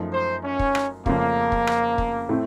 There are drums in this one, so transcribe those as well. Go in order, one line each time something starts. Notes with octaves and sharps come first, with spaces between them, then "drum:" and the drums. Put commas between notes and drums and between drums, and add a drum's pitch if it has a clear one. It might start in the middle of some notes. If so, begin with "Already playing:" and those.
Already playing: F#2 F3 A3 D#4
C5
C#4
drum: kick
drum: rim click
F2 C#3 A3 A#3 C#4 F4, drum: kick
drum: kick
drum: rim click
drum: kick
A2 A3 C4